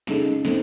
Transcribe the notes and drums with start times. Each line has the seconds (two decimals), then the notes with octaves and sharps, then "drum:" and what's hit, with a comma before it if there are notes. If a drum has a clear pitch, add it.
0.07 C#3 G#3 D#4 A4, drum: snare
0.45 D#3 A3 C4, drum: snare